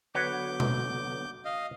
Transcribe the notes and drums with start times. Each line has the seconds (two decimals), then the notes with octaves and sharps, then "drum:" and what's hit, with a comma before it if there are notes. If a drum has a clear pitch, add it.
0.15 D3 F#3 B3 F#4 B4 C#5 D6 G6
0.60 drum: tom B2
1.45 D#5 F5